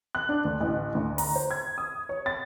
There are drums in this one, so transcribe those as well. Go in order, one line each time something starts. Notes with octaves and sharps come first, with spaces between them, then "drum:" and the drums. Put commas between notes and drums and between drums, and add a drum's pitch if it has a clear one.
F#6
D4
D2
A1
D2
A#5, drum: open hi-hat
C5
G#6
D#6
C#5
A6